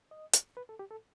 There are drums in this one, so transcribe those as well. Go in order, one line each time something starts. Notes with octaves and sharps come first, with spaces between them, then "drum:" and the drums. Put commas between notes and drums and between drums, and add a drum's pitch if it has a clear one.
D#5
drum: hi-hat
B4
A4
G4
A4